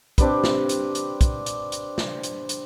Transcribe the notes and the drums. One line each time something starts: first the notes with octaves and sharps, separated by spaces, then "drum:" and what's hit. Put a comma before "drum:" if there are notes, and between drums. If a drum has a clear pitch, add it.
C4 D4 G4 B4, drum: kick, hi-hat
drum: snare
drum: hi-hat
drum: hi-hat
drum: kick, hi-hat
drum: hi-hat
drum: hi-hat
drum: snare
drum: hi-hat
drum: hi-hat